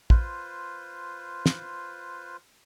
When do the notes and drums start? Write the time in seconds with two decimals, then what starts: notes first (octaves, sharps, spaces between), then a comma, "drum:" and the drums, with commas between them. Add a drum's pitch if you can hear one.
0.10 F4 B4 C5, drum: kick
1.46 drum: snare